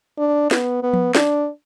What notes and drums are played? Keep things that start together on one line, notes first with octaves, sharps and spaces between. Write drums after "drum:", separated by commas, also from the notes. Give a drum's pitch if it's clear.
D4
B3, drum: snare
B3
drum: tom F3
D4, drum: snare